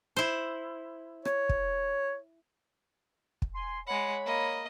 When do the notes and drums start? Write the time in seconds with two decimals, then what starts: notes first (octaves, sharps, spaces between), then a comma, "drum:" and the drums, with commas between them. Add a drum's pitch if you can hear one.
0.16 E4 C5
1.25 C#5, drum: rim click
1.49 drum: kick
3.42 drum: kick
3.55 G#5 C6
3.87 G#3 C#5 F#5 B5
4.26 A#3 D#5